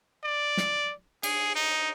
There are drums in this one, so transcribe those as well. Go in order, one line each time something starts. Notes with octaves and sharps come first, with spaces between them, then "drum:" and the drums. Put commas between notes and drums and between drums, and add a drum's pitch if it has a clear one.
D5
drum: snare
G#4, drum: cymbal
D#4